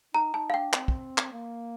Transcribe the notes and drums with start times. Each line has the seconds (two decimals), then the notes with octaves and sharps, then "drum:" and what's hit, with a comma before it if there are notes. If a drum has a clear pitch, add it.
0.15 D#4 A#5
0.34 D#4 A5
0.50 F5
0.54 D4 G5
0.73 C4, drum: clap
0.88 drum: kick
1.18 drum: clap
1.32 A#3